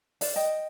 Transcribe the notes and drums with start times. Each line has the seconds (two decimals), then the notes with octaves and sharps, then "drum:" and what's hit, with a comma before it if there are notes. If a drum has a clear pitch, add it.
0.21 D5 F5, drum: open hi-hat
0.36 D#5 G5